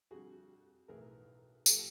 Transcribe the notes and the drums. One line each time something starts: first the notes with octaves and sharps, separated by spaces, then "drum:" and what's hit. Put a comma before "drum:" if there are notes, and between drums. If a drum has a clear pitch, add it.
F2 D3 G3 F#4 G#4
B1 A2 E3 G#4 A#4
A2 F3 G4 A4, drum: tambourine